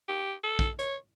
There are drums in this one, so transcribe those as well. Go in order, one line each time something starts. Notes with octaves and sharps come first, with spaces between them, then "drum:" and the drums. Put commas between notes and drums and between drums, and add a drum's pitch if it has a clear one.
G4
A4
drum: kick
C#5, drum: hi-hat